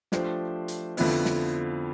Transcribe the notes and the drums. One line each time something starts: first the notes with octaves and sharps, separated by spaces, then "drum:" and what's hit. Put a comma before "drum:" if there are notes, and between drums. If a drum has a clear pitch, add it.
F3 A3 D4 G4 C5, drum: snare
drum: hi-hat
F2 D3 F3 B3 E4, drum: open hi-hat
drum: snare